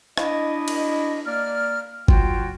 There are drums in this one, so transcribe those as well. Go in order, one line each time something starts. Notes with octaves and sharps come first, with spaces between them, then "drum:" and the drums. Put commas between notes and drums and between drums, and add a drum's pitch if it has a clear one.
D4 E4 D#5, drum: rim click
drum: cymbal
A#3 D5 F6
F#3 F4 F#4 G5, drum: kick G1